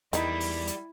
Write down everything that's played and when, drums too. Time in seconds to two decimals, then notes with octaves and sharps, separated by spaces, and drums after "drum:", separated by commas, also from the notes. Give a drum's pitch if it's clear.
0.13 E2 D#3 G3 D#4 E4, drum: hi-hat
0.40 drum: open hi-hat
0.67 drum: hi-hat